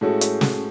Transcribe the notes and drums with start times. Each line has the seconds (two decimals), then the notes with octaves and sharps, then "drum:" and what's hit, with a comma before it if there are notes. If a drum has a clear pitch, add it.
0.01 A2 G#3 C#4 F#4 A4
0.21 drum: hi-hat
0.41 drum: snare